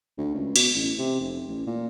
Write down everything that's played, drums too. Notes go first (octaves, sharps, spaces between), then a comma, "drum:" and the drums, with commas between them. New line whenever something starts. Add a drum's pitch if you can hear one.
D2
C#2
B2, drum: cymbal
A1
C3
F1
A1
A#2